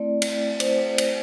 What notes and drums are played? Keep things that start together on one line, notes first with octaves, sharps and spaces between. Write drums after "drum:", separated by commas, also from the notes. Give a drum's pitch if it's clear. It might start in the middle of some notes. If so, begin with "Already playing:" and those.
Already playing: A3 C4 E4 D5
drum: cymbal
C5, drum: cymbal
drum: cymbal